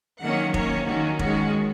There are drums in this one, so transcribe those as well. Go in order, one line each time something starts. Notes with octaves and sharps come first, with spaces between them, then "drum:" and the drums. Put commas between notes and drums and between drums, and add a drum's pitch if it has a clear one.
D#3 F#3 A#3 C#4 F#5
D#3 A#3 C#4 C#5, drum: kick F1
D#3 F#3 C#4 F#4
D#3 G#3 C#4 F#4, drum: kick F1